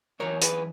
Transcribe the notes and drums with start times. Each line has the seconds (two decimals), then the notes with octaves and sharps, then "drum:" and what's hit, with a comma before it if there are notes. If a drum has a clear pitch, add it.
0.20 F#2 E3 A#4 C#5
0.42 G#4 B4, drum: hi-hat